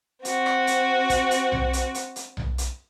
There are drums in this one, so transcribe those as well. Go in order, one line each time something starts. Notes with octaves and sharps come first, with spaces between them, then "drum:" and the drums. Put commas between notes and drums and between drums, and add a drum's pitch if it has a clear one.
C4 F#4, drum: hi-hat
drum: rim click
drum: hi-hat
drum: kick, hi-hat
drum: hi-hat
drum: tom B1
drum: hi-hat
drum: hi-hat
drum: hi-hat
drum: tom B1
drum: hi-hat